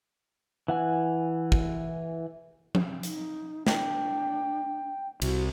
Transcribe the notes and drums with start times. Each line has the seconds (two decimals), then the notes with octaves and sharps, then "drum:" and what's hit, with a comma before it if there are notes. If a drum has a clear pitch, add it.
0.68 E3 F#5 G#5
1.52 drum: kick
2.75 drum: tom F3
3.03 D#4, drum: hi-hat
3.67 D4 G5, drum: snare
5.22 C2 F#4, drum: cymbal